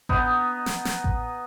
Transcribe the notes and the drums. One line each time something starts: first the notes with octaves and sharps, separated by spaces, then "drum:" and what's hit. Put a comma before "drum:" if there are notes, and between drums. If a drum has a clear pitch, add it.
B3 D#4, drum: kick A1
drum: snare
drum: snare
drum: kick A1